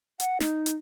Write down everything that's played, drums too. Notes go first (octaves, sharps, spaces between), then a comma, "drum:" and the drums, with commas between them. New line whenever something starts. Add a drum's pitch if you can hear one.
F#5, drum: hi-hat
D#4, drum: snare
drum: hi-hat